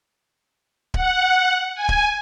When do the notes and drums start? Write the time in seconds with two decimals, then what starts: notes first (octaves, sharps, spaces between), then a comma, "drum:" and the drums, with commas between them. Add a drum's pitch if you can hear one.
0.94 F#5, drum: kick D1
1.75 G#5
1.89 drum: kick D1